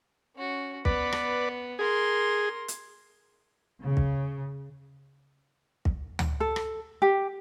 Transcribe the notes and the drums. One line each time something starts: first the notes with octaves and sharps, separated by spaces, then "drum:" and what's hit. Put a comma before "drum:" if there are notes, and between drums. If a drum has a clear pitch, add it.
C#4 F#4
B3 B4 D5, drum: kick
drum: rim click
G#4 A#4 C6
drum: hi-hat
C#3
drum: kick
drum: kick
drum: tom D2
A4
drum: rim click
G4